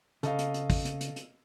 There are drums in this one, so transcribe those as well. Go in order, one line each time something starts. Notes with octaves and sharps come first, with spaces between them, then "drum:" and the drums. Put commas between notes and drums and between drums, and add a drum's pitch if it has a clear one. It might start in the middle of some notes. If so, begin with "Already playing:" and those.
C#3 A4 D#5 F5, drum: hi-hat
drum: hi-hat
drum: hi-hat
drum: kick, open hi-hat
drum: hi-hat
drum: hi-hat
drum: hi-hat